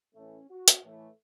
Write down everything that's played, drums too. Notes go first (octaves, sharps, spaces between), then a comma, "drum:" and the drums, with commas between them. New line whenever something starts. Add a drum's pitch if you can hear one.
A2 E3 A3 C#4
F#4
drum: hi-hat
A2 E3 A3